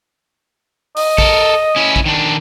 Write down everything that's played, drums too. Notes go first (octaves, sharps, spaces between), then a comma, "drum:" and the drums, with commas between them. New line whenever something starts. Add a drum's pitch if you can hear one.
D#5, drum: open hi-hat
A4 A#4, drum: kick
C#4 E4
drum: kick
D#3 D4